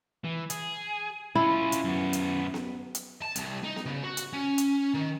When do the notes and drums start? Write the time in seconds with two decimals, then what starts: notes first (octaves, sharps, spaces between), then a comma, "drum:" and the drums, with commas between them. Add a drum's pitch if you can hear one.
0.24 E3
0.50 G#4, drum: hi-hat
1.35 C#4 E4 F4
1.72 drum: hi-hat
1.84 F#2 B3
2.13 drum: hi-hat
2.54 drum: snare B3
2.95 drum: hi-hat
3.22 A5
3.36 C2, drum: hi-hat
3.63 D#4
3.76 drum: snare B3
3.86 C#3
4.03 F#4
4.17 drum: hi-hat
4.33 C#4
4.58 drum: hi-hat
4.94 D#3